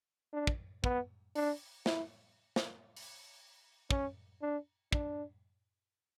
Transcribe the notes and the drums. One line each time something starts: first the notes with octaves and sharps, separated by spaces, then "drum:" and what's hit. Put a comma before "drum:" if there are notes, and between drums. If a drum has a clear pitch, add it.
D4
drum: kick
B3, drum: kick
D4, drum: open hi-hat
E4, drum: snare
drum: snare
drum: open hi-hat
C#4, drum: kick
D4
D4, drum: kick